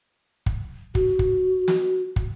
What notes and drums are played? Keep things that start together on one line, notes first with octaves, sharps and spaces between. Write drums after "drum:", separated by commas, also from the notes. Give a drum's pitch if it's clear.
drum: kick
F#4, drum: kick
drum: kick
drum: snare
drum: kick